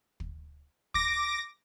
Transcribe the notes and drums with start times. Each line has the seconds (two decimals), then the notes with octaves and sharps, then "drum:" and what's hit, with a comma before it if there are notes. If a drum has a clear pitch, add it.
0.20 drum: kick
0.94 D6 A#6, drum: kick